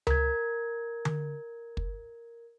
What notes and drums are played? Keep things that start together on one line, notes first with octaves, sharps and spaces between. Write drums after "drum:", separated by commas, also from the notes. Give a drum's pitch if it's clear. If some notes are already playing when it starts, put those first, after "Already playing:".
A#4 G#6, drum: tom C#2
drum: tom D3
drum: kick